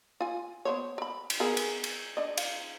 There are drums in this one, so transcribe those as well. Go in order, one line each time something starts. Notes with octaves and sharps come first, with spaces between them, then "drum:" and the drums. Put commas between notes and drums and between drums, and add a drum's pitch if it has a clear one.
F4 G#5
B3 C5 C#5
A#4 B5
drum: cymbal
B3 G#4 A#4
drum: cymbal
drum: cymbal
D4 D#5
F5, drum: cymbal